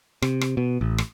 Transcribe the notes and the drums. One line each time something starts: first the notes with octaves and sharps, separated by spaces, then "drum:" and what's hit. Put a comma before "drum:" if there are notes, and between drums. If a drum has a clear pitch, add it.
C3, drum: rim click
drum: rim click
B2
A1
drum: rim click